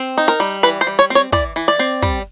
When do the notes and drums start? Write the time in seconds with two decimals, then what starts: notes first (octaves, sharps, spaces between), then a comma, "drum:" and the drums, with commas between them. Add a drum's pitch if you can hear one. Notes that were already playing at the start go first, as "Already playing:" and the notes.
Already playing: C4
0.18 D#4
0.28 A#4
0.40 G3
0.63 E3 B4
0.81 C5
0.87 G3
0.99 C#5
1.10 C4
1.15 C#5
1.32 E3 D5, drum: kick
1.56 E3
1.68 D5
1.79 C4
2.02 G3, drum: kick